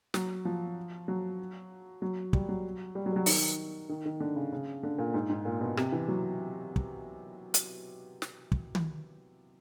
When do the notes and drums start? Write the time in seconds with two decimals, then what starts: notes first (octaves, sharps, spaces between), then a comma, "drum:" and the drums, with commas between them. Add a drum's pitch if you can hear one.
0.14 F#3, drum: snare
0.45 F3
1.08 F#3
2.02 F#3
2.33 G3, drum: kick
2.49 F#3
2.95 G3
3.06 F#3
3.12 G3
3.16 F#3
3.26 D#3, drum: open hi-hat
3.89 D#3
4.06 D#3
4.20 D3
4.36 C#3
4.52 C#3
4.83 D3
4.99 A#2
5.14 G#2
5.30 G#2
5.45 A#2
5.61 B2
5.77 C3, drum: rim click
5.92 E3
6.08 F#3
6.76 drum: kick
7.54 drum: hi-hat
8.22 drum: snare
8.52 drum: kick
8.75 drum: tom